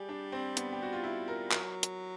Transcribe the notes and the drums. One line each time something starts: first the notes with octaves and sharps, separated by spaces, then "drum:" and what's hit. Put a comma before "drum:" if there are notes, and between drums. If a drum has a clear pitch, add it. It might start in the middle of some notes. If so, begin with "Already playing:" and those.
Already playing: G3 G4 G#4
D4
C4
B3, drum: hi-hat
G4
F#4
F4
E4
A#4
F#3 A#4, drum: clap
drum: hi-hat